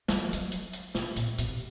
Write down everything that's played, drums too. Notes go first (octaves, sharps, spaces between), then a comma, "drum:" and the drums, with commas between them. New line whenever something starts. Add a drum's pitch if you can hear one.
G3, drum: snare
F#3
F3
F#3, drum: hi-hat
drum: hi-hat
drum: hi-hat
C3, drum: snare
A#2, drum: hi-hat
B2, drum: hi-hat
C3